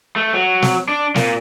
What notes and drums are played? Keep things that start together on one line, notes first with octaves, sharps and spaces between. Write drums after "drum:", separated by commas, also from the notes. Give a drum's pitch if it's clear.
A3
F#3
drum: snare
D4
A#2, drum: snare